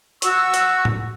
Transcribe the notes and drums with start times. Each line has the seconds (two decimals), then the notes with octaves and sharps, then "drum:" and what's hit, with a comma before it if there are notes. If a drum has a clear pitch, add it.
0.22 F#4 C#6 E6, drum: hi-hat
0.54 drum: hi-hat
0.85 drum: tom A2